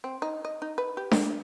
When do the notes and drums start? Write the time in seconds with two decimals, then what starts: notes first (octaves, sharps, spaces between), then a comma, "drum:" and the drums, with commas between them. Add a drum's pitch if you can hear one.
0.04 C4
0.22 D#4
0.45 D#5
0.62 D#4
0.78 B4
0.97 G4
1.11 A#3, drum: snare D4